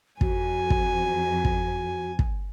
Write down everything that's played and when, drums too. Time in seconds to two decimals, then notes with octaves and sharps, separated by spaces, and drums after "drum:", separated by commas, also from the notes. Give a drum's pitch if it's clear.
0.21 F2 F#4 G#5, drum: kick
0.70 drum: kick
1.45 drum: kick
2.19 drum: kick